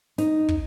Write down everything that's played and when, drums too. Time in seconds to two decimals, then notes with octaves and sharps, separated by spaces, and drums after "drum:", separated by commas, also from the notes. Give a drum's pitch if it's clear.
0.18 D#4, drum: snare
0.49 drum: kick